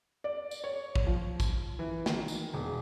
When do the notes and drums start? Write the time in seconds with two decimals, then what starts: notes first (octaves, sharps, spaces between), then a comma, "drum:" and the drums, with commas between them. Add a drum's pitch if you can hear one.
0.24 D5
0.51 drum: tambourine
0.64 C#5
0.96 drum: kick
1.07 F3
1.40 drum: kick, tambourine
1.79 E3
2.06 D#3, drum: snare
2.28 drum: tambourine
2.54 E1